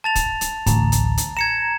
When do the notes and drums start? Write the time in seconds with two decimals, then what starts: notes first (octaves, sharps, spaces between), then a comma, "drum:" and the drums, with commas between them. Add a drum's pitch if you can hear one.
0.04 A5 A6 F7
0.15 drum: kick, hi-hat
0.41 drum: hi-hat
0.66 A1 D2 A#5, drum: kick, hi-hat
0.92 drum: hi-hat
1.17 drum: hi-hat
1.37 A#5 G#6 C#7 E7